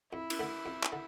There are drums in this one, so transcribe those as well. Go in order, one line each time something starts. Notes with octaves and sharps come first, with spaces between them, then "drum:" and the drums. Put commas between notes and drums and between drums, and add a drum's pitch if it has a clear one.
F2 E4
drum: cymbal
D3 A3
F2
drum: clap
D3